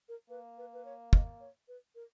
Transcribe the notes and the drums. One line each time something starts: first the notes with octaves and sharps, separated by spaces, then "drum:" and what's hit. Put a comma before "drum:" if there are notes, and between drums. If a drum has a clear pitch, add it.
A#4
A#3 B4
B4
B4
C#5
D#5, drum: kick
C#5
B4
A#4